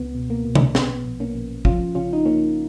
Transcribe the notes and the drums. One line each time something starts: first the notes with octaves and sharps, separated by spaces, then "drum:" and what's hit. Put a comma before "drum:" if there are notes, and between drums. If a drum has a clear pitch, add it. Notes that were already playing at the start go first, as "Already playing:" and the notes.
Already playing: C#2 B3
B2
A#3
B2
drum: tom C3
A#1 B3, drum: snare
A#1
A#3 C#4
A#1
F3 C#4 F4, drum: kick
C#3 C#4 F4
D#4
C#3 A#3 C#4